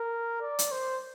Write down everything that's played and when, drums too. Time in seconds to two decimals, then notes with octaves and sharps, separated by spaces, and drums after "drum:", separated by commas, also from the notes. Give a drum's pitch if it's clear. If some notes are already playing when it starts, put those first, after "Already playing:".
Already playing: A#4
0.42 D5
0.59 drum: hi-hat
0.72 C5